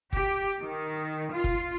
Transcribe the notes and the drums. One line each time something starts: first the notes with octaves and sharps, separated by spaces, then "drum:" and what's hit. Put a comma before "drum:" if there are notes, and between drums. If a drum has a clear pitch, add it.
G4, drum: kick F#1
D#3
F4
drum: kick F#1